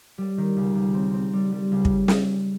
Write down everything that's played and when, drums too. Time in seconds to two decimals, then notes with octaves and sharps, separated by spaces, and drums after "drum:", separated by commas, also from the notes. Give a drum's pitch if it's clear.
0.18 G3
0.38 D#3
0.57 C#2
0.75 C#2
0.94 C4
1.14 C4
1.33 G3
1.52 G3
1.72 C#2
1.85 drum: kick
2.08 drum: snare